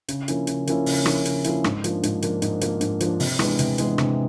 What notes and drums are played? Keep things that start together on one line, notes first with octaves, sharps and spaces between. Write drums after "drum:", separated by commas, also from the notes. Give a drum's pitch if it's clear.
C#3, drum: hi-hat
F3 A#3 C#4 E4, drum: hi-hat
C#3, drum: hi-hat
F3 A#3 C#4 E4, drum: hi-hat
C#3, drum: open hi-hat
F3 A#3 C#4 E4, drum: rim click
C#3, drum: hi-hat
F3 A#3 C#4 E4, drum: hi-hat
G#2, drum: rim click
F3 A#3 D4, drum: hi-hat
G#2, drum: hi-hat
F3 A#3 D4, drum: hi-hat
G#2, drum: hi-hat
F3 A#3 D4, drum: hi-hat
G#2, drum: hi-hat
F3 A#3 D4, drum: hi-hat
C3, drum: open hi-hat
E3 G#3 B3 D4, drum: rim click
C3, drum: hi-hat
E3 G#3 B3 D4, drum: hi-hat
C3, drum: rim click